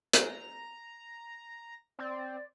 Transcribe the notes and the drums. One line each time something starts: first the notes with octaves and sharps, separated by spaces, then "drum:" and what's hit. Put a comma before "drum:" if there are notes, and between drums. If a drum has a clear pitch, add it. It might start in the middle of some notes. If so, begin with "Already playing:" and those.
A#5, drum: hi-hat
C4 D5